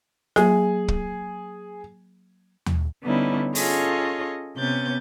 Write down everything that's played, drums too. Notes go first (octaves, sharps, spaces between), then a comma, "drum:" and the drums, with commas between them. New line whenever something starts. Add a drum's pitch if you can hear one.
F#3 A#3 G#4, drum: snare F4
drum: kick
drum: tom D#2
D3 G3 B3 C#4 D#4 E4
C#4 F4 G#4 A4 C#5 D#5, drum: open hi-hat
C3 B3 C#4 G6 A6